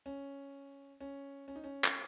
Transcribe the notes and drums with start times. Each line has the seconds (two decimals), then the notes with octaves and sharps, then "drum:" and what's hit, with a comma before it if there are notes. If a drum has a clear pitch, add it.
0.06 C#4
1.00 C#4
1.48 C#4
1.56 D#4
1.64 C#4
1.84 drum: clap